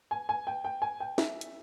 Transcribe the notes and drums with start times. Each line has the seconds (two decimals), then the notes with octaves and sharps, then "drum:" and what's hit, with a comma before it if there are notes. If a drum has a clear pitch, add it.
0.11 G#5
0.29 G#5
0.47 G5
0.64 G5
0.82 G#5
1.00 G5
1.18 E5, drum: snare
1.41 drum: hi-hat